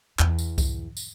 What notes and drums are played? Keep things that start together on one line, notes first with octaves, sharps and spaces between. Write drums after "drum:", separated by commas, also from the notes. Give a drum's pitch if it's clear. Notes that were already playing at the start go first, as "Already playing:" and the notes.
E2, drum: clap
drum: tambourine
drum: kick C2, tambourine
drum: tambourine